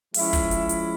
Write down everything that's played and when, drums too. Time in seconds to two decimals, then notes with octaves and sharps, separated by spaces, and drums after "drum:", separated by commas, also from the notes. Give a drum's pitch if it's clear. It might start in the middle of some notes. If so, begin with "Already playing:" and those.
0.14 F3 G#3 C#4 E4 E5, drum: open hi-hat
0.33 drum: kick, hi-hat
0.51 drum: hi-hat
0.69 drum: hi-hat